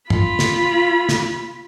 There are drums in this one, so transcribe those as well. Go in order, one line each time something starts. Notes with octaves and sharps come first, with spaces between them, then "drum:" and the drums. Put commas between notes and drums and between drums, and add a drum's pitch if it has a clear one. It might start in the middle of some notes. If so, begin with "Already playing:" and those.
F4 B5, drum: tom
drum: snare
drum: snare